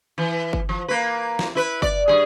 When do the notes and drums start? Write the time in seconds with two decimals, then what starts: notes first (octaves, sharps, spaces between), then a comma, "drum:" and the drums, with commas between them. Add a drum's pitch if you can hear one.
0.18 E3
0.53 drum: kick G1
0.69 F3
0.88 A#3 B4
1.39 drum: snare
1.55 E4 B4
1.82 D5, drum: kick G1
2.08 G2 G3 G#4